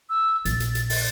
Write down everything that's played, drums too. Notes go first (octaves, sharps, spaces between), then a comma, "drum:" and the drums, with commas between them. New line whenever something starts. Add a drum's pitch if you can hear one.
E6
A#1 A6, drum: hi-hat
drum: hi-hat
drum: hi-hat
drum: open hi-hat